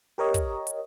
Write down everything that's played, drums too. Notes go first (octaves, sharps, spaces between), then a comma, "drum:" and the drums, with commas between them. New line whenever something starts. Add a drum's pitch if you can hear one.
G4 A#4 C#5 D#5
drum: kick, hi-hat
drum: hi-hat